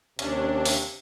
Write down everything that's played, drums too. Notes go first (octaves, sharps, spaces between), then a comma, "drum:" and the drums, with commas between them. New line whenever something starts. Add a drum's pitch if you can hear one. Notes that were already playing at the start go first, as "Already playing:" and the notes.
D#2 C3 C#4 D4, drum: hi-hat
drum: open hi-hat